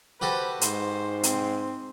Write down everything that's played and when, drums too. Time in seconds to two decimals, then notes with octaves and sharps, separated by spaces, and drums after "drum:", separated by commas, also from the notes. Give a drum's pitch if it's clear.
0.21 F#4 G4 A4 B4 C5
0.61 G#2 C5, drum: hi-hat
1.23 C4, drum: hi-hat